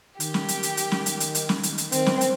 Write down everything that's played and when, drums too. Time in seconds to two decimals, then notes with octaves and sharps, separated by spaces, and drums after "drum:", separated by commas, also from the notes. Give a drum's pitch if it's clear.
0.20 D#3 G4, drum: hi-hat
0.34 drum: snare
0.48 drum: hi-hat
0.63 drum: hi-hat
0.77 drum: hi-hat
0.92 drum: snare
1.06 drum: hi-hat
1.20 drum: hi-hat
1.35 drum: hi-hat
1.49 drum: snare
1.63 drum: hi-hat
1.78 drum: hi-hat
1.92 D#3 C4, drum: hi-hat
2.06 drum: snare
2.21 drum: hi-hat